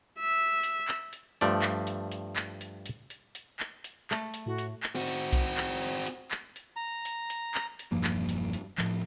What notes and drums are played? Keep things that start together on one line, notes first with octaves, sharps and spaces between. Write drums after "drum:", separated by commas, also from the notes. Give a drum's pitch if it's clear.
E5
drum: hi-hat
drum: clap
drum: hi-hat
G2 F3 A3 D5
drum: clap
drum: hi-hat
drum: hi-hat
drum: clap
drum: hi-hat
drum: hi-hat
drum: hi-hat
drum: hi-hat
drum: clap
drum: hi-hat
A3, drum: clap
drum: hi-hat
A2 F#4
drum: hi-hat
drum: clap
C4 F#4
drum: hi-hat
drum: kick B1, hi-hat
drum: clap
drum: hi-hat
drum: hi-hat
drum: clap
drum: hi-hat
A#5
drum: hi-hat
drum: hi-hat
drum: clap
drum: hi-hat
E1 G2 F3 A#3
drum: clap
drum: hi-hat
drum: hi-hat
A2 F3, drum: clap